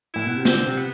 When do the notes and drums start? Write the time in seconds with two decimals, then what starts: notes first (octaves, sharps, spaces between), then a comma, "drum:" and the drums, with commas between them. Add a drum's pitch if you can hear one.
0.14 A2 E4
0.26 B2
0.36 C3
0.45 D3 C4, drum: snare
0.67 C3
0.77 B3